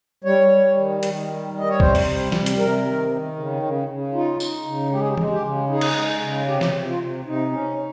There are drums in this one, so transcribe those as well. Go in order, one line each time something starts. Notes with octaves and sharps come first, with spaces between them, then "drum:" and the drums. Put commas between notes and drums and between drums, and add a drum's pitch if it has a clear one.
G3 C#5
G3
D#3
D#3, drum: hi-hat
G3
G3 D#5
C#5
C3 C5, drum: kick
drum: open hi-hat
G3
C3, drum: snare
drum: hi-hat
C3 A#4
D#3
D#3
C#3
C#3
C#3
D#4 F4
D#4, drum: tambourine
C#3
G#3 G4
G#4
G4
G#3, drum: tom
G4
C#3
D#4 G#4
drum: cymbal
G#3
C#3
C3 G4
drum: snare
C3
F4
C3
C3 D#4
C#4